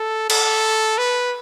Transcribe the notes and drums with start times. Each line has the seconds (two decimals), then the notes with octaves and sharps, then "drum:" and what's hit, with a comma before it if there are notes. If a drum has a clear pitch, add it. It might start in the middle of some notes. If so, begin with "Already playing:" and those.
Already playing: A4
0.30 A4, drum: cymbal
0.98 B4